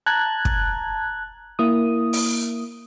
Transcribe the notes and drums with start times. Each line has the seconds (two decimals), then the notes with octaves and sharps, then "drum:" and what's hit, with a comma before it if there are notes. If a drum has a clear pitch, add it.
0.06 A5 A#5 F#6 G#6
0.45 drum: kick
1.59 A#3 E4 D#6
2.13 drum: open hi-hat